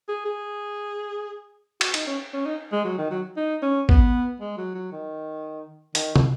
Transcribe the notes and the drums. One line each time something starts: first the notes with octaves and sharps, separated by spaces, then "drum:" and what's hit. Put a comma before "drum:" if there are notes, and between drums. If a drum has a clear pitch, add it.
G#4
G#4
F#4, drum: cymbal
D#4, drum: cymbal
C#4
C#4
D#4
G#3
F#3
D#3
F#3
D#4
C#4
B3, drum: kick
G#3
F#3
F#3
D#3
D#3, drum: hi-hat
drum: tom